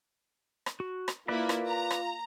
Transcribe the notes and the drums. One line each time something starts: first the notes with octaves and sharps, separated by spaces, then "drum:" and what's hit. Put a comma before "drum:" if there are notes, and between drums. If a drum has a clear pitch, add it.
drum: rim click
F#4
drum: rim click
A#3 E4 F4 B4 D5 B5
drum: rim click
A#5
drum: rim click